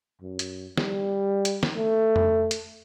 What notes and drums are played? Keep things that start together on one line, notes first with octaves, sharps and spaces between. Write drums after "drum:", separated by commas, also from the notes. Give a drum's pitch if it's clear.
F#2
drum: hi-hat
G3, drum: snare
drum: hi-hat
drum: snare
A3
drum: tom F2
drum: hi-hat